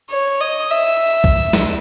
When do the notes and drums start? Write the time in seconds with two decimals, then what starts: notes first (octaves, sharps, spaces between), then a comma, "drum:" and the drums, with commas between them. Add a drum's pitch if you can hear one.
0.10 C#5
0.41 D#5
0.71 E5
1.24 drum: kick C2
1.53 drum: snare